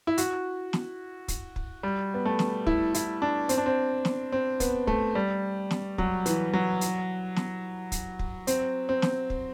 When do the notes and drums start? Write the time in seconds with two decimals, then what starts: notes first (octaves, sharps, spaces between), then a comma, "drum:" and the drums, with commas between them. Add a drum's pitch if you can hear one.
0.07 E4
0.18 F#4, drum: hi-hat
0.73 drum: snare
1.28 drum: kick, hi-hat
1.56 drum: kick
1.83 G3
2.14 B3
2.26 A3
2.39 drum: snare
2.67 E4, drum: kick
2.94 E4, drum: hi-hat
3.22 D4
3.49 C4, drum: hi-hat
3.58 D4
3.66 C4
4.05 drum: snare
4.32 C4
4.60 B3, drum: kick, hi-hat
4.87 A3, drum: kick
5.15 G3
5.71 drum: snare
5.98 F#3, drum: kick
6.26 E3, drum: hi-hat
6.53 F#3
6.81 drum: hi-hat
7.36 drum: snare
7.92 drum: kick, hi-hat
8.19 drum: kick
8.47 C4, drum: hi-hat
8.89 C4
9.02 drum: snare
9.30 drum: kick